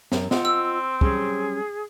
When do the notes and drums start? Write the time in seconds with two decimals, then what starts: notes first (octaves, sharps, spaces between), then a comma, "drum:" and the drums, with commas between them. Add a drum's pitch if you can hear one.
0.12 F#2, drum: snare
0.31 C4 F4 D#5 F#5, drum: snare
0.45 E6
1.01 F#3 G3 C#4 G#4, drum: kick